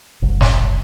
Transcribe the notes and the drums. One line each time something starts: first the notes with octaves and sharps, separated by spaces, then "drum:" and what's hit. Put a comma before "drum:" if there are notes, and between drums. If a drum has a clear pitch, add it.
F#1 C2
drum: snare